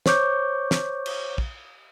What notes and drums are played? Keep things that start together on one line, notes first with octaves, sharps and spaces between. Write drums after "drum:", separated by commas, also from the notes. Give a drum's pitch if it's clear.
C5 C#5 C#6 D6 G6, drum: snare
drum: snare
drum: cymbal
drum: kick